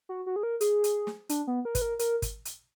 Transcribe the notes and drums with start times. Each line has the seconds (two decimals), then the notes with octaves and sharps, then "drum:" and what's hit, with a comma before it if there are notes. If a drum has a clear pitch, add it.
0.09 F#4
0.26 F#4
0.36 G#4
0.43 A#4
0.61 G#4, drum: hi-hat
0.84 drum: hi-hat
1.07 drum: snare
1.29 D4, drum: hi-hat
1.47 B3
1.65 A#4
1.75 B4, drum: kick, hi-hat
1.82 A#4
1.99 A#4, drum: hi-hat
2.22 drum: kick, hi-hat
2.45 drum: hi-hat